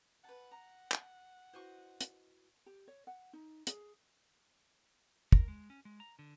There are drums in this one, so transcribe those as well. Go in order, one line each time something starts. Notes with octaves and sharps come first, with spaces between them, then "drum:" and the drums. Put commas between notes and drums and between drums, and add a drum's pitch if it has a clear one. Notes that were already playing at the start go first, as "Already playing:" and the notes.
B4 F#5 A5
A#5
drum: clap
E4 F#4 B4 C5 D#5 C#6
drum: hi-hat
G4
C#5
F#5
D#4
G#4, drum: hi-hat
A#4, drum: kick
G#3
C#4
G#3
A#5
D3